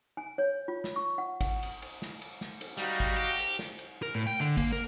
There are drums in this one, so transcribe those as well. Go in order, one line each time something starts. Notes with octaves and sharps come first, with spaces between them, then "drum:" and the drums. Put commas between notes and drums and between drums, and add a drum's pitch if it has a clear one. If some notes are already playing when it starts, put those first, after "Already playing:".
G#5
C#5
F4
drum: snare
C#6
F#5
F#5, drum: kick G#1, cymbal
drum: cymbal
drum: cymbal
drum: snare
drum: cymbal
drum: snare
drum: cymbal
G3 D#4 F#4 F5
drum: kick G#1, cymbal
G4
drum: cymbal
drum: snare
drum: cymbal
A#4
A2
G5
D3
A#3, drum: kick G#1, cymbal
A#4